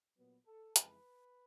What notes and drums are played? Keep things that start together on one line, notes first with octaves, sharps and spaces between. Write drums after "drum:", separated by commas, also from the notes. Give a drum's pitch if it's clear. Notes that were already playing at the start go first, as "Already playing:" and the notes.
A#2 F#3 B3
A4
F2 C#3 E3 G#3 B4, drum: hi-hat